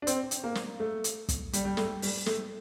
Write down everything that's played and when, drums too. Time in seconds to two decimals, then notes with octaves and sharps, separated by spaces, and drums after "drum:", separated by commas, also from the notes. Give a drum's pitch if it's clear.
0.02 D4
0.07 C4, drum: hi-hat
0.31 drum: hi-hat
0.44 A#3
0.55 drum: snare
0.80 A3
1.04 drum: hi-hat
1.29 drum: kick, hi-hat
1.53 G3, drum: hi-hat
1.65 G3
1.77 A3, drum: snare
2.02 G3, drum: open hi-hat
2.26 A3, drum: snare